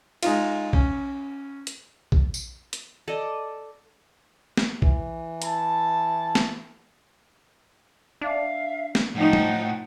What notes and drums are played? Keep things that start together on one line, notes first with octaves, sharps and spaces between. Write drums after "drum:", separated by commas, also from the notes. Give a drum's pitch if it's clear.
G#3 D#4 F4, drum: cymbal
C#4, drum: kick
drum: hi-hat
drum: kick
drum: tambourine
drum: hi-hat
A4 D5 D#5
drum: snare
E3, drum: kick
E4 A5, drum: hi-hat
drum: snare
D4 E5 F5
drum: snare
A2 F3 D#4 F#5 G5
drum: tom